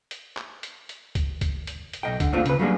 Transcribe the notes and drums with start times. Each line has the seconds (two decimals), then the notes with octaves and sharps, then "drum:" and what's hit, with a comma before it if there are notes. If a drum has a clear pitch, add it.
0.11 drum: hi-hat
0.37 drum: clap
0.63 drum: hi-hat
0.89 drum: hi-hat
1.15 drum: kick C#2, hi-hat
1.41 drum: kick C#2, hi-hat
1.67 drum: hi-hat
1.93 drum: hi-hat
2.03 B1 D#5 G5
2.20 D3, drum: kick C#2, hi-hat
2.33 A3 A#3 C4 D4 F4
2.46 C#3 B4, drum: hi-hat
2.59 F#3 G3 A3 A#3 D4 G#4